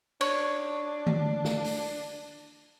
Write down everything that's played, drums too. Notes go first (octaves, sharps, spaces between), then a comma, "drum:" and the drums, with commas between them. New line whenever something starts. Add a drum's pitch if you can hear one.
D4 C#5, drum: cymbal
drum: tom D3
drum: snare
drum: open hi-hat